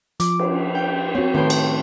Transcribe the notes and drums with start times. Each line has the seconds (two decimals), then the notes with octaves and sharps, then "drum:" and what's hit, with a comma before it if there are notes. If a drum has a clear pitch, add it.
0.20 F3 D6, drum: hi-hat
0.39 drum: cymbal
0.75 G5
1.15 C4 F#4 C#5
1.34 A2 D#3 B4 G5 C6
1.50 drum: cymbal